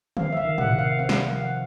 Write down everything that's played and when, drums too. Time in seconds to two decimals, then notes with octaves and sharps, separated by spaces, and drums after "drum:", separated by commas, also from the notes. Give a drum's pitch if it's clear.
0.17 C4 F5, drum: tom D3
0.33 E5
0.37 F5
0.45 D#3
0.58 F#5, drum: tom A2
0.71 C3
0.79 F5
0.99 C4 F5
1.09 drum: snare
1.27 F3 F5
1.40 F#5